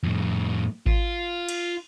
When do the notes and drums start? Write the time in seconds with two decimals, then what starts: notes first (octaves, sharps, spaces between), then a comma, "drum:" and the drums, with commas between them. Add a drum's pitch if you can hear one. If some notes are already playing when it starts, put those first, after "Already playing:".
0.03 F2 A2
0.86 F4, drum: kick G#1
1.49 drum: cymbal